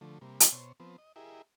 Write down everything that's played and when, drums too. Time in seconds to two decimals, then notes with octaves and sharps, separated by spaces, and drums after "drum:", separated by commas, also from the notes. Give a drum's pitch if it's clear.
0.01 D3 F3 A3
0.21 C3 G3 A#3
0.40 drum: hi-hat
0.52 B2 C5 C#5
0.80 F3 B3 C4
0.98 D#5
1.16 E4 G4 G#4 A#4 D#5 E5